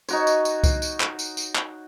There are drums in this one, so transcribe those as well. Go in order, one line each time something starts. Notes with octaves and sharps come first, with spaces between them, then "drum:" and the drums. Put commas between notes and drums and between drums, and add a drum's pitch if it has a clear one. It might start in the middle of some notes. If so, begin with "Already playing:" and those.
D#4 F#4 C#5, drum: tambourine
drum: tambourine
drum: tambourine
drum: kick C2, tambourine
drum: tambourine
drum: clap
drum: tambourine
drum: tambourine
drum: clap